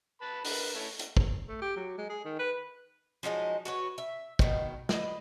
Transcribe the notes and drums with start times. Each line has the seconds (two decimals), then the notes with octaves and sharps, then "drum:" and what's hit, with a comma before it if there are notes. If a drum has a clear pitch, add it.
0.22 B4 A5 B5
0.45 D3 A#4 B4, drum: open hi-hat
0.75 A3 C#4 E4
0.99 drum: hi-hat
1.17 drum: kick
1.48 A3
1.61 G4
1.77 F#3
1.98 G#3
2.09 G#4
2.25 D#3
2.39 B4
3.23 F3 F#3 G#3 D#4
3.65 F#4 B4 C#5
3.98 E5
4.39 B2 D#3, drum: kick
4.89 B4 D#5, drum: snare